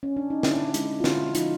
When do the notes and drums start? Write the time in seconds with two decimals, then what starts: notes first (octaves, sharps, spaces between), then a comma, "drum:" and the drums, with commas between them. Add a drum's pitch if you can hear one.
0.03 C#4
0.16 D4
0.30 D#4
0.43 D3 D4 E4, drum: snare
0.74 G#3, drum: hi-hat
1.00 F4
1.04 D3 E4 F#4, drum: snare
1.35 F3 D#4 F4, drum: hi-hat